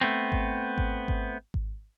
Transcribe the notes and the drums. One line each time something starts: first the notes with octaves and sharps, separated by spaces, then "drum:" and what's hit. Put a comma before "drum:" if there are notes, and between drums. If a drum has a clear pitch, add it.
A3 B3 C4
drum: kick G#1
drum: kick G#1
drum: kick G#1
drum: kick G#1